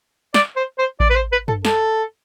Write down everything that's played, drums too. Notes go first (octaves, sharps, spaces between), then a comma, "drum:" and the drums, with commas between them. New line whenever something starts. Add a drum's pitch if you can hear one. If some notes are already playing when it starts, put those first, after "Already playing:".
D5, drum: snare
C5
C5
D5, drum: kick A1
B4
C5
B4
A4, drum: tom
A4, drum: snare